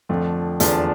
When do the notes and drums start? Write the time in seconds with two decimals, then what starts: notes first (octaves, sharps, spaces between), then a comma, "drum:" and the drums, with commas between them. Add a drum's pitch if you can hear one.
0.09 F2 D3 F3 A3 D4
0.60 E2 D3 F3 A3 D4, drum: hi-hat